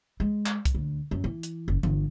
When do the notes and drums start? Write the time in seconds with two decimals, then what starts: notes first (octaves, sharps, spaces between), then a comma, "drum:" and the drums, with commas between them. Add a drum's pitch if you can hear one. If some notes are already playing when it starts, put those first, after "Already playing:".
0.20 G#3
0.46 drum: clap
0.65 drum: kick C2, hi-hat
0.75 D2
1.11 F#2
1.24 E3
1.43 drum: hi-hat
1.68 F#1
1.83 G1, drum: tom E3